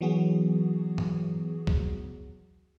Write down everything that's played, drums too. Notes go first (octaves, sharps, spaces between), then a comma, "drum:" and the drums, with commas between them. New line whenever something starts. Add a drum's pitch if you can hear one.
E3 F#3 B3 F#4 G#4
drum: tom
drum: kick